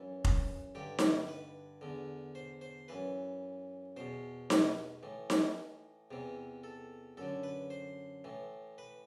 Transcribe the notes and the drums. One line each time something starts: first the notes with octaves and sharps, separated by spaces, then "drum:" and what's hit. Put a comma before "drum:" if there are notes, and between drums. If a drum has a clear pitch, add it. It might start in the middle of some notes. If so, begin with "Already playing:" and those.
Already playing: F#2 E3
drum: kick F1
G2 D3 G4
drum: snare D#4
B4
E2 D3
C5
C5
F#2 E3 B4
E2 B2 C5
B4, drum: snare D#4
A2 E3
drum: snare D#4
E2 C3 E3
A4
F#2 D3 A4
B4
C5
A2 E3
B4